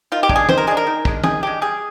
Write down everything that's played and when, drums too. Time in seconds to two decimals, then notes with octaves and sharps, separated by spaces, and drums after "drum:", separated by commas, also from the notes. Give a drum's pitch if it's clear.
0.12 D#3 F4
0.23 G4
0.29 G#3 D4, drum: kick
0.36 G#4
0.49 D#3 C5, drum: tom
0.58 A#4
0.67 G#3 D4 G#4
0.77 A#4
0.87 D#3
1.05 G#3 D4, drum: kick
1.24 D#3 G#4, drum: tom
1.43 G#3 D4 G4
1.62 G3 G#4